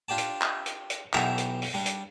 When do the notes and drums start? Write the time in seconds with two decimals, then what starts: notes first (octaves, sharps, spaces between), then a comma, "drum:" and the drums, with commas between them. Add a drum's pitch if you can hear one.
0.08 D4 F4 G4 D5 A5
0.18 drum: hi-hat
0.42 drum: clap
0.66 drum: hi-hat
0.90 drum: hi-hat
1.14 B1 B2 E3 G4 E5 A#5, drum: clap
1.38 drum: hi-hat
1.62 drum: open hi-hat
1.74 G3 D4
1.86 drum: hi-hat